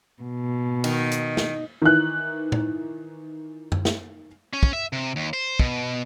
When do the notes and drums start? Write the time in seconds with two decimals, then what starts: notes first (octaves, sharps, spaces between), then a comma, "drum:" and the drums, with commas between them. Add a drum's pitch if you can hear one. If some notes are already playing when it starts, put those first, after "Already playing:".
0.23 B2
0.84 D#3, drum: cymbal
1.12 drum: hi-hat
1.37 drum: snare
1.82 D#3 E3 F#6
2.52 drum: tom
3.72 drum: tom F#2
3.85 drum: snare
4.53 C#4
4.63 drum: kick
4.73 E5
4.93 C3
5.16 D#2
5.33 C5
5.59 B2, drum: kick